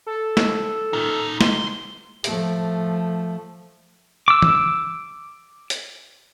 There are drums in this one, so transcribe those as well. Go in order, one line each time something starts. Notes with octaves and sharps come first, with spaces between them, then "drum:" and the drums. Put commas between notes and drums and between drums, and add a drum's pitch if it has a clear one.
A4
drum: snare
D#4 F4
C6, drum: snare
F3 A3, drum: hi-hat
D6 E6
drum: tom
drum: hi-hat